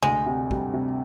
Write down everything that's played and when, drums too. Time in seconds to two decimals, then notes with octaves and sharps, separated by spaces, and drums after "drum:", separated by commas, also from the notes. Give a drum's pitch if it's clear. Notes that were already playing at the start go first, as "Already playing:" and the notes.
0.03 D2 G#3, drum: tom C3
0.26 C3
0.51 G3, drum: kick
0.74 C3